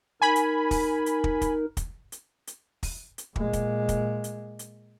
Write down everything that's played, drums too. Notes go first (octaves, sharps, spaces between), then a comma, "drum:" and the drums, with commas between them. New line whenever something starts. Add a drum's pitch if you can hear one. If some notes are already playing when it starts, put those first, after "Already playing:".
D#4 A#4 G#5 B5
drum: hi-hat
drum: kick, open hi-hat
drum: hi-hat
drum: kick
drum: kick, hi-hat
drum: kick, hi-hat
drum: hi-hat
drum: hi-hat
drum: kick, open hi-hat
drum: hi-hat
A#2 G#3, drum: kick
drum: kick, hi-hat
drum: kick, hi-hat
drum: hi-hat
drum: hi-hat